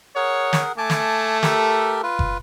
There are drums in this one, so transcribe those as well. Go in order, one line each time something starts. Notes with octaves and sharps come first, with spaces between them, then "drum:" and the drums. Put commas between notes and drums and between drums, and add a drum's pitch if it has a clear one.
G#4 A#4 C#5 F#5
drum: snare
A3 G#5 A5 D6
drum: snare
G4 A4 A#4, drum: snare
F4 B4
drum: kick F#1